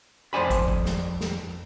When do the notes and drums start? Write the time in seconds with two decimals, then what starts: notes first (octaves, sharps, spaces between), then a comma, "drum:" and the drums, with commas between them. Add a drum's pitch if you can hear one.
0.33 F2 C5 D5 G#5 B5
0.50 drum: kick, hi-hat
0.68 drum: kick
0.86 drum: snare
1.21 drum: snare